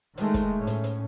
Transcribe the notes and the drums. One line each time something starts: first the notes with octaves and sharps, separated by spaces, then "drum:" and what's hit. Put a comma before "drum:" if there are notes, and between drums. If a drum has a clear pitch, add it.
D#3 G#3 A3, drum: hi-hat
drum: kick, hi-hat
A2 C#4
drum: hi-hat
drum: hi-hat